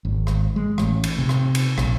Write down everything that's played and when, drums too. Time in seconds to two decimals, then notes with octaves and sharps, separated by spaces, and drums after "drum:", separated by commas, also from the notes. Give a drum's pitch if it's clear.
0.05 G#1
0.27 drum: rim click
0.56 G#3
0.78 A1, drum: rim click
1.04 drum: cymbal
1.18 C3
1.29 drum: rim click
1.55 drum: cymbal
1.78 A#1, drum: rim click